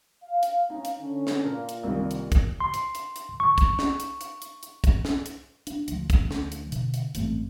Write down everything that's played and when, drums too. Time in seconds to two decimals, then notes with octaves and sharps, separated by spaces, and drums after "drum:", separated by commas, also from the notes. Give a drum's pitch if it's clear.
0.24 F5
0.43 drum: hi-hat
0.70 C#4 D#4 F5
0.85 drum: hi-hat
1.01 D3 C#4
1.27 drum: snare
1.44 A#2 A#4
1.69 drum: hi-hat
1.83 C2 D#3
2.11 drum: hi-hat
2.32 drum: kick, hi-hat
2.60 C6
2.74 drum: hi-hat
2.95 drum: hi-hat
3.16 drum: hi-hat
3.40 C#6
3.58 drum: kick, hi-hat
3.79 drum: snare
4.00 drum: hi-hat
4.21 drum: hi-hat
4.42 drum: hi-hat
4.63 drum: hi-hat
4.84 drum: kick, hi-hat
5.05 drum: snare
5.26 drum: hi-hat
5.67 D4, drum: hi-hat
5.88 D2 F3, drum: hi-hat
6.10 drum: kick, hi-hat
6.31 drum: snare
6.52 drum: hi-hat
6.72 B2 D3, drum: hi-hat
6.94 drum: hi-hat
7.15 A1 G2 A3 C4, drum: hi-hat